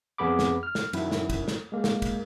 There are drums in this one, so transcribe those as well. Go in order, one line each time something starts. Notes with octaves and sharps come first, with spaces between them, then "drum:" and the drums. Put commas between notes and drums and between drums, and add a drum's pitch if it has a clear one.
F2 B3 G#4 B5 D6
drum: snare
F6
drum: snare
F#2 D#3 E4, drum: cymbal
drum: snare
drum: kick, cymbal
drum: snare
G#3 A#3
drum: snare
drum: kick, cymbal